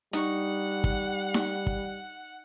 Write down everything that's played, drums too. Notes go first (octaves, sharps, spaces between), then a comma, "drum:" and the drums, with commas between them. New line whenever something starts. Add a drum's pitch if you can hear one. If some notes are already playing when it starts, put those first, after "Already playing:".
G3 D#4 F#5 C#6, drum: hi-hat
drum: kick
drum: snare D#4
drum: kick